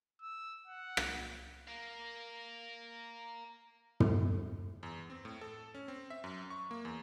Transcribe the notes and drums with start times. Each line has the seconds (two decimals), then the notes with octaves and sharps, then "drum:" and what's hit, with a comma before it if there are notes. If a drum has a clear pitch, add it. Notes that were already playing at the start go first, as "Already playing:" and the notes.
0.22 E6
0.67 F#5
0.97 drum: rim click
1.67 A#4 F5
4.00 drum: tom
4.83 E2
5.10 C4
5.25 A2
5.41 A4
5.74 C#4
5.88 C4
6.10 E5
6.24 F#2
6.50 C#6
6.71 A#3
6.85 E2